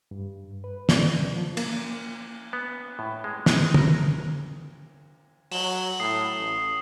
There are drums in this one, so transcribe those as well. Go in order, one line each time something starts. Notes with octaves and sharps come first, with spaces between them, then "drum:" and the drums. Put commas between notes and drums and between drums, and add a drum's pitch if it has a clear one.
G2
B4
D5, drum: snare
F3
A#3, drum: cymbal
B3
A2
G#3
G#3, drum: snare
A#4, drum: tom
F#3 E7 F#7 G7, drum: open hi-hat
A2 D#6 C7
A1